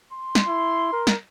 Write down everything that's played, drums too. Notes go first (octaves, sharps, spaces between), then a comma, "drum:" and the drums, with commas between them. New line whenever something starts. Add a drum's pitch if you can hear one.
C6
drum: snare
E4
A#4
drum: snare